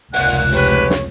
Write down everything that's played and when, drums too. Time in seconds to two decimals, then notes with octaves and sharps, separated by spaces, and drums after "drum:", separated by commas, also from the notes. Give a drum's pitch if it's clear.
0.13 F1 C#2 A#2 F#5 F#6, drum: open hi-hat
0.53 G#2 G4 B4 C#5, drum: hi-hat
0.90 drum: snare